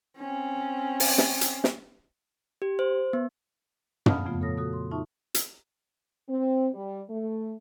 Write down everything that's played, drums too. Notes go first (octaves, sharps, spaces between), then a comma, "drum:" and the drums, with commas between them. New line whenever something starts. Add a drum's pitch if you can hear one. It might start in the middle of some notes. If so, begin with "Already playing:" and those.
C4 C#4
drum: open hi-hat
drum: snare
drum: hi-hat
drum: snare
G4
C5
B3
F5 F#5 A5 B5 D#6 F6, drum: tom
F2 C#3 F3 A3 B3 F4
A#2 A4 C#5 D#6 A#6
F#4 A4 D#6
C6
D#4 F4 E5 A5 C#6
drum: hi-hat
C4
G3
A3